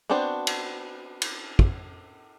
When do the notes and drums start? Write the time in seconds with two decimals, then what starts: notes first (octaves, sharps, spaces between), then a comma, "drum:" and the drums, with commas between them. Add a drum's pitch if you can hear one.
0.10 B3 C4 D4 F#4 C5
0.47 drum: cymbal
1.22 drum: cymbal
1.59 drum: kick